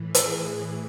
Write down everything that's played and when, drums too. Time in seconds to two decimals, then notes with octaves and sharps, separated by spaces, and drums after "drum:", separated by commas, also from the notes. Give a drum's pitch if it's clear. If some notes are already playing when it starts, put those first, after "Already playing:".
Already playing: A2 E3
0.15 G#4, drum: hi-hat